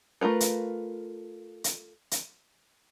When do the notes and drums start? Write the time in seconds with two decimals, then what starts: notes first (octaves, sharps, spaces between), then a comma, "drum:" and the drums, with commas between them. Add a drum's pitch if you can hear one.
0.21 A3 F4 A#4 B4
0.40 drum: hi-hat
1.64 drum: hi-hat
2.11 drum: hi-hat